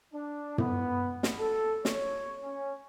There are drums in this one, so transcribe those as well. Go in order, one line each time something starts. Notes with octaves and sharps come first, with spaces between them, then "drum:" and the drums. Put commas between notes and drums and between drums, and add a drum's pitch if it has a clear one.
D4
B3, drum: tom
drum: snare
A4
C#5, drum: snare
C#4